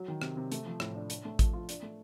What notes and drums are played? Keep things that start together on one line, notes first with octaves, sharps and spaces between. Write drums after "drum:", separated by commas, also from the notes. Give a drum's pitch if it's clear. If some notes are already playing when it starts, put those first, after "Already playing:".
Already playing: F#3
D#3
C3, drum: rim click
C3
A3, drum: hi-hat
F3
A2, drum: rim click
D4
D4, drum: hi-hat
A3
F3, drum: kick A1, hi-hat
F4
D4, drum: hi-hat
A3